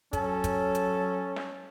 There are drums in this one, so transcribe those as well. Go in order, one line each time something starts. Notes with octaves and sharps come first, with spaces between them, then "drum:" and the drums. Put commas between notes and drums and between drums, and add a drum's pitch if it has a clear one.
F#3 C#4 A4, drum: kick, hi-hat
drum: kick, hi-hat
drum: hi-hat
drum: snare